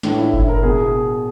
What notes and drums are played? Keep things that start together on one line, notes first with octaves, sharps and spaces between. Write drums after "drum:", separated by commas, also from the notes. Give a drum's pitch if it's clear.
A2 E3 D4, drum: snare
E4
E4, drum: kick G1
A#4
B2 G#4